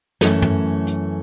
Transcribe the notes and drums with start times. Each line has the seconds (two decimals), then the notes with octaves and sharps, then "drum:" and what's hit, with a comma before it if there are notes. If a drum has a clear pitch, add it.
0.21 F#2 E3 A3 C#4, drum: snare
0.42 drum: tom
0.87 drum: hi-hat